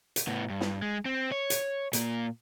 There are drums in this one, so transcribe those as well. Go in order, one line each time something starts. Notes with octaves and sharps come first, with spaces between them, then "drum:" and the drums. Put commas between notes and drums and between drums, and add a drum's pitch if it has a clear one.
drum: hi-hat
A2 B3
G2
drum: snare
G#3
C4
C#5
drum: hi-hat
A#2 A#3, drum: hi-hat